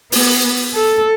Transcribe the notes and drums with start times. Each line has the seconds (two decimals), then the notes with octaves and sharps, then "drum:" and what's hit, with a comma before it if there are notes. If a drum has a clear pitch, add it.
0.12 B3, drum: open hi-hat
0.75 A4